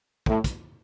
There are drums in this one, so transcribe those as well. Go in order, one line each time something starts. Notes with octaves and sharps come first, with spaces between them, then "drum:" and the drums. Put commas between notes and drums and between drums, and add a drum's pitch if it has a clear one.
A2, drum: kick
drum: kick, hi-hat